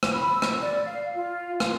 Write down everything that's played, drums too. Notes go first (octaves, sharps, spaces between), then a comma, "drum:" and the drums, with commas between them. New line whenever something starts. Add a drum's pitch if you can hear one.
drum: rim click
B5
E6
drum: rim click
D5
F5
F4
C6, drum: rim click